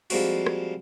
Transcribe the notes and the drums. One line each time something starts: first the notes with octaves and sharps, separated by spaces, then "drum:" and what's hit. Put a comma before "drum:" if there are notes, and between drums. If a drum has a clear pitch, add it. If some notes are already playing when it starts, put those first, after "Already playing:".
F3 G3 G#3 A#3 C4 F#4, drum: open hi-hat
drum: rim click